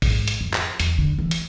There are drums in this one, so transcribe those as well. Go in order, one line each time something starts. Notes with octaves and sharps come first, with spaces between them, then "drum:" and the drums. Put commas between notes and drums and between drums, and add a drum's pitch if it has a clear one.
G#2, drum: kick A1, open hi-hat
drum: hi-hat
F2
drum: clap
E2, drum: hi-hat
D3
E3
drum: hi-hat